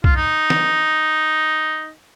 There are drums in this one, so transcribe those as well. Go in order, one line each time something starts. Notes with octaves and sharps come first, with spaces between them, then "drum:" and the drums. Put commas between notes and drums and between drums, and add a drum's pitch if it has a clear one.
F4, drum: kick B1
D#4
drum: snare